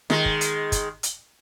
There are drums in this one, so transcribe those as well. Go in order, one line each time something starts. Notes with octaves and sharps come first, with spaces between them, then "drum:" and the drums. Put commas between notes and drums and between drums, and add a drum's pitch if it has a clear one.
D#3 G#3, drum: snare
drum: kick
drum: hi-hat
drum: kick, hi-hat
drum: hi-hat